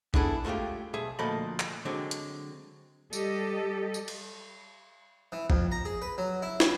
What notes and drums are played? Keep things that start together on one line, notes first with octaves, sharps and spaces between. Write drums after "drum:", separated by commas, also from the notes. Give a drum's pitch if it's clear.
B3 D4 E4 G#4 A4, drum: kick
G#3 A3 D4 F4 G4
B1 G#4 E5
D2 A#2 F3 A4 D#5 B5
drum: clap
D3 F#3 G#3 C4
drum: hi-hat
G3 G4 A4 D#5, drum: tambourine
drum: tambourine
drum: cymbal
E3
F2, drum: kick
A#5
G#4
B4
F#3
E4
B4, drum: snare